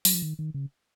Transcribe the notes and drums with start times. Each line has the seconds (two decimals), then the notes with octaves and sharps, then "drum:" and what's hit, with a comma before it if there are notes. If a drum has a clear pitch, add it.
0.05 F#3, drum: open hi-hat
0.14 F3
0.22 D#3
0.39 D#3
0.54 C#3